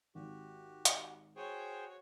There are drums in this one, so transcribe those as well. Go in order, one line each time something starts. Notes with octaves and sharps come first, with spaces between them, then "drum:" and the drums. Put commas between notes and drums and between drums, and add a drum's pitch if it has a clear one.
G#1 F#4 G4
drum: hi-hat
F#4 G#4 C5 C#5 G5